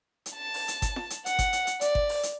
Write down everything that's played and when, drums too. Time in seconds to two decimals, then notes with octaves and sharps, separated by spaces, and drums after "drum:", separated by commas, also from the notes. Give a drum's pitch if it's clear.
0.26 drum: hi-hat
0.35 A5
0.54 drum: open hi-hat
0.68 drum: hi-hat
0.82 drum: kick G1, hi-hat
0.96 drum: snare
1.10 drum: hi-hat
1.26 F#5, drum: hi-hat
1.39 drum: kick G1, hi-hat
1.53 drum: hi-hat
1.67 drum: hi-hat
1.81 D5, drum: hi-hat
1.95 drum: kick G1
2.09 drum: open hi-hat
2.23 drum: hi-hat